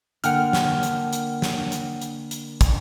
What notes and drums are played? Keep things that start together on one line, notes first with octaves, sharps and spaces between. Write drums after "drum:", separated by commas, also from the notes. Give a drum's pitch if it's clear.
D3 A#3 D4 F#5 G5 F6, drum: hi-hat
drum: snare
drum: hi-hat
drum: hi-hat
drum: snare
drum: hi-hat
drum: hi-hat
drum: hi-hat
drum: kick, hi-hat